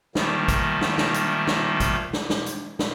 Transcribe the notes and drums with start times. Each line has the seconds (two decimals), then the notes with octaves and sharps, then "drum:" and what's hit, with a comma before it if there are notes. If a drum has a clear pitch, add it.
0.15 A#2 D#3 F3 G3 A3 A#3, drum: snare
0.48 drum: kick, hi-hat
0.81 drum: snare
0.98 drum: snare
1.14 drum: hi-hat
1.47 drum: snare
1.80 drum: kick, hi-hat
2.13 drum: snare
2.30 drum: snare
2.46 drum: hi-hat
2.79 drum: snare